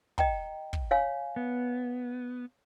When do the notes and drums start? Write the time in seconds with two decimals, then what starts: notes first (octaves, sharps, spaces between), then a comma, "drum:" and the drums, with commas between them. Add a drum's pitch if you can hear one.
0.18 D#5 G5 A#5, drum: kick
0.73 drum: kick
0.91 C#5 F5 G#5
1.36 B3